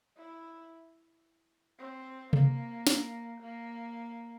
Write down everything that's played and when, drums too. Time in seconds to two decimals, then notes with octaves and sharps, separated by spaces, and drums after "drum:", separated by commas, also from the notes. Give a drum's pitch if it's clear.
0.17 E4
1.79 C4
2.33 A#3, drum: tom C3
2.87 drum: snare
3.41 A#3